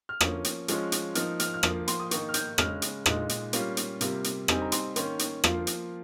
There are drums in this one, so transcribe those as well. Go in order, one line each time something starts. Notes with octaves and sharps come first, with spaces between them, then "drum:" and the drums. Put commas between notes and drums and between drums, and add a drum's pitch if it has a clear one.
F6
F3 A#3 C#4 D#6, drum: rim click
drum: hi-hat
F3 G#3 C#4 F4, drum: hi-hat
drum: hi-hat
F3 A#3 D#4 F6, drum: hi-hat
F6, drum: hi-hat
F6
F3 A#3 F4 D#6, drum: rim click
C6, drum: hi-hat
D#6
D#3 A#3 D#4 C#6, drum: hi-hat
F6
G6, drum: hi-hat
C#3 G#3 C#4 F6, drum: rim click
drum: hi-hat
A#2 G#3 D#4, drum: rim click
drum: hi-hat
G3 A#3 C#4 F4, drum: hi-hat
drum: hi-hat
C3 G3 A#3 F4, drum: hi-hat
drum: hi-hat
G3 C4 D#4 G#5, drum: rim click
A#5
C6, drum: hi-hat
D#3 A#3 C#4 C6, drum: hi-hat
drum: hi-hat
F3 A#3 F4, drum: rim click
drum: hi-hat